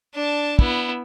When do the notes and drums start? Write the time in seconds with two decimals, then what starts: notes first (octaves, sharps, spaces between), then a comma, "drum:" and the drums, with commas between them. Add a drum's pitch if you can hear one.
0.15 D4 A5
0.59 B3 E4, drum: kick